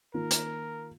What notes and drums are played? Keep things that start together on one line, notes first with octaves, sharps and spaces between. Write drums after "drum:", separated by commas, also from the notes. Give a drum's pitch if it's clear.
D#3 A#3 F4 A#4
drum: hi-hat